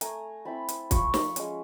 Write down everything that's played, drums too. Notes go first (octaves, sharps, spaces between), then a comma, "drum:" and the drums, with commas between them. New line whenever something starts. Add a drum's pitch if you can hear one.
A3 G#5 A#5, drum: hi-hat
C4 E4 A5 B5
drum: hi-hat
F3 B5 C#6, drum: kick, hi-hat
drum: snare
G#3 C#4, drum: hi-hat